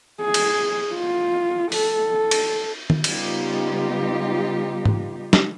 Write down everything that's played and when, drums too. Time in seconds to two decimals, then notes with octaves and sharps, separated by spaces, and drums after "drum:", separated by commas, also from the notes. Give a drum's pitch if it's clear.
0.22 G#4
0.34 drum: cymbal
0.94 F4
1.72 A4, drum: open hi-hat
2.31 drum: cymbal
2.90 drum: tom D#3
3.04 C#3 G3 B3 D#4 F4 G4, drum: cymbal
4.85 drum: tom G#2
5.33 drum: snare